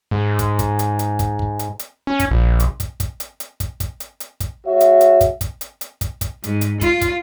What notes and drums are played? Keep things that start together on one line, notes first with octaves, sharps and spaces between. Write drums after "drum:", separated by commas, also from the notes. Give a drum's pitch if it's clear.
G#2
drum: kick, hi-hat
drum: kick, hi-hat
drum: hi-hat
drum: hi-hat
drum: kick, hi-hat
drum: kick
drum: hi-hat
drum: hi-hat
C#4
drum: kick, hi-hat
A#1
drum: hi-hat
drum: kick, hi-hat
drum: kick, hi-hat
drum: hi-hat
drum: hi-hat
drum: kick, hi-hat
drum: kick, hi-hat
drum: hi-hat
drum: hi-hat
drum: kick, hi-hat
G#3 F#4 C#5 E5
drum: hi-hat
drum: hi-hat
drum: kick, hi-hat
drum: kick, hi-hat
drum: hi-hat
drum: hi-hat
drum: kick, hi-hat
drum: kick, hi-hat
G#2, drum: hi-hat
drum: hi-hat
F4, drum: kick, hi-hat
drum: kick, hi-hat